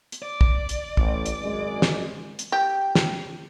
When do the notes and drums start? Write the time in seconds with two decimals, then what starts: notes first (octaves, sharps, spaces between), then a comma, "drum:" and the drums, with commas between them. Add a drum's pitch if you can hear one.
0.12 drum: hi-hat
0.22 D5
0.41 drum: kick
0.69 drum: hi-hat
0.97 A1, drum: kick
1.26 drum: hi-hat
1.42 G#1 F#2 G#3
1.82 drum: snare
2.39 drum: hi-hat
2.52 G4
2.95 drum: snare